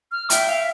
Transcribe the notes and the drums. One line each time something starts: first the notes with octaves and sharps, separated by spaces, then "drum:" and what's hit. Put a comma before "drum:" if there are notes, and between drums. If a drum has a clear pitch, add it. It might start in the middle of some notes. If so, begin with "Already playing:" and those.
F6
E5 G5, drum: hi-hat
F5